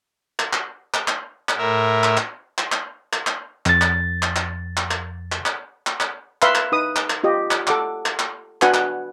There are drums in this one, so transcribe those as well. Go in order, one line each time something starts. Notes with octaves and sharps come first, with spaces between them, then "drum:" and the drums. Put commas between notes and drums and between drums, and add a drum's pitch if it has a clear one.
drum: clap
drum: clap
drum: clap
drum: clap
drum: clap
A2 A#4 E5
drum: clap
drum: clap
drum: clap
drum: clap
drum: clap
drum: clap
F2 A6, drum: clap
drum: clap
drum: clap
drum: clap
drum: clap
drum: clap
drum: clap
drum: clap
drum: clap
drum: clap
B4 E5 F5 B5 C6, drum: clap
drum: clap
D#4 B4 D#6
drum: clap
drum: clap
F4 G4 D#5
drum: clap
A4 F#5 D6, drum: clap
drum: clap
drum: clap
D4 F#4 B4 F#5 G#5, drum: clap
drum: clap